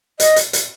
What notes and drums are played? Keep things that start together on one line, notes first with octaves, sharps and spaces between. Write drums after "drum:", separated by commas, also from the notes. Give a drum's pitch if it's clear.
D#5, drum: hi-hat
drum: hi-hat
drum: hi-hat